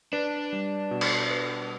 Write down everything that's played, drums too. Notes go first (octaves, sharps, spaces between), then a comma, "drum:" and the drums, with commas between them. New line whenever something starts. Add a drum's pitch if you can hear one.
D4 B4
G3
B2
drum: cymbal
B4